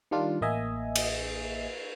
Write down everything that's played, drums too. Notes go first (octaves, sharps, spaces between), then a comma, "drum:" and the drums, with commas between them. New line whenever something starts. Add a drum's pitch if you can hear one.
D#3 G3 D4 F4
A1 A#3 D#5 E5 G#5
drum: cymbal